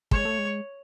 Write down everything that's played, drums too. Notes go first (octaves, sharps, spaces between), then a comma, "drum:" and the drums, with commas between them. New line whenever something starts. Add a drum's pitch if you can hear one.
G#3 C#5, drum: kick
A3
G#3